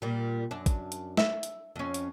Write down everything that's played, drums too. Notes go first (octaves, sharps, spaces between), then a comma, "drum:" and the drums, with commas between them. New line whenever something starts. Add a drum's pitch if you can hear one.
A#2 G3
F#2 D4
drum: kick, hi-hat
drum: hi-hat
E5, drum: snare
drum: hi-hat
F2 C#4
drum: hi-hat